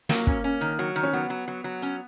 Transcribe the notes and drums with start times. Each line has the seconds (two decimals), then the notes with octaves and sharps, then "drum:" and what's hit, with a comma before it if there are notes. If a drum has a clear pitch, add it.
0.09 F#3 A#3, drum: snare
0.27 C#4, drum: kick
0.44 C#4
0.61 D#3
0.79 F#3
0.96 D#3
1.03 C#4
1.13 F#3 B3
1.30 F#3
1.48 F#3
1.64 F#3
1.82 C#4, drum: hi-hat